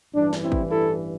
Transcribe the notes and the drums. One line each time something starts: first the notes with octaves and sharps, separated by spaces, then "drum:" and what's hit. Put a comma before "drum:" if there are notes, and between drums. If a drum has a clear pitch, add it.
A1 G2 E3 G3 D4
drum: snare
C4 E4
drum: kick
E4 A4